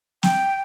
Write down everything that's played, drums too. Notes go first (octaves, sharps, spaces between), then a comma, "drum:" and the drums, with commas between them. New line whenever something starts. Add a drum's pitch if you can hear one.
G5, drum: snare